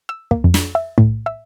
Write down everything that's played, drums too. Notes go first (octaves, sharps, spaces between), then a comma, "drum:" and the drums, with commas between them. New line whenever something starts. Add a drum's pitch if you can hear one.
E6
A#3, drum: kick
F2
drum: snare
E5
A2, drum: kick
E5